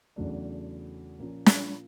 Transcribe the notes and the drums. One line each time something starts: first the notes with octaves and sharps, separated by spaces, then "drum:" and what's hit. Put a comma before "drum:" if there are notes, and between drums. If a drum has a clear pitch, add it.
E2 C#3 F#3 A3 D4
A#2 F3 A#3 C#4
drum: snare